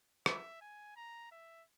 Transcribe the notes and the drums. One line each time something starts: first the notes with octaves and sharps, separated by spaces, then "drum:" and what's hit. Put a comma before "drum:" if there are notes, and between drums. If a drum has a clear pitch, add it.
E5, drum: rim click
G#5
A#5
E5